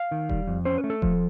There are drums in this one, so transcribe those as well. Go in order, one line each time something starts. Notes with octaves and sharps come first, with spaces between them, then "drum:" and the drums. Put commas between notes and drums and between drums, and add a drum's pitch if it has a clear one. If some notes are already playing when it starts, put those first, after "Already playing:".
Already playing: F5
D#3
G3, drum: kick D#1
F2
C#4 C5
B4
A3
A4
F3, drum: kick D#1